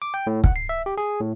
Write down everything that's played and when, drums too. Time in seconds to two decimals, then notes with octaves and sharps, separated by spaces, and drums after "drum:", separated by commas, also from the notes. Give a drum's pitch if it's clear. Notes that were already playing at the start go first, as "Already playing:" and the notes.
0.02 D6
0.14 G5
0.27 A2
0.44 F#5, drum: kick
0.56 C7
0.69 E5
0.86 G4
0.97 G#4
1.20 A2